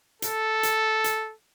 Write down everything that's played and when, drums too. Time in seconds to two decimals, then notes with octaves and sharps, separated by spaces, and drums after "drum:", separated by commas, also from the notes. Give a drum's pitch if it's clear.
0.22 A4, drum: hi-hat
0.63 drum: hi-hat
1.04 drum: hi-hat